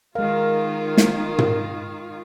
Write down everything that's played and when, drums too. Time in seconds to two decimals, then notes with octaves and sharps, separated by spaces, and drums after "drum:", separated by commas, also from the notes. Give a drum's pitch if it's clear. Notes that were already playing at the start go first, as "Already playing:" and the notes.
0.15 D#3 G#3 F4 A#4 F5
0.97 drum: snare
1.38 drum: tom